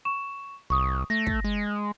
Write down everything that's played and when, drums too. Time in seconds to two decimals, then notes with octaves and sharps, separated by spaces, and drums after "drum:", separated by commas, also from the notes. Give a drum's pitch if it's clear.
0.05 C#6 E7
0.70 C2 C#6 D#6
1.10 A3 A#6
1.27 drum: kick
1.44 G#3